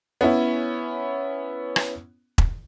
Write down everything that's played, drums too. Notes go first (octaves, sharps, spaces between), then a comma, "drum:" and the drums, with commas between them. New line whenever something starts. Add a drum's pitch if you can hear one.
B3 C#4 E4
drum: rim click
drum: kick E1